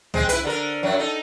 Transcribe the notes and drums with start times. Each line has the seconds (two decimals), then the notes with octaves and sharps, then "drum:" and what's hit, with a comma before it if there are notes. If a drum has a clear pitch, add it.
0.14 G#3 C4 G#4, drum: tom
0.29 E4 B4, drum: hi-hat
0.44 D3 A4 A#4
0.83 F#2 F#3
0.99 D#4 A4